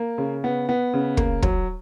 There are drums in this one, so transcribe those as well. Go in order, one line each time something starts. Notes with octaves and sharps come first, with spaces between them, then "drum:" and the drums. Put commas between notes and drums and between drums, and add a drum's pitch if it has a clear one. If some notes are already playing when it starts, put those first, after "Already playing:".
Already playing: A#3
C#3
B3
B3
C#3
A#3, drum: kick
F#3, drum: kick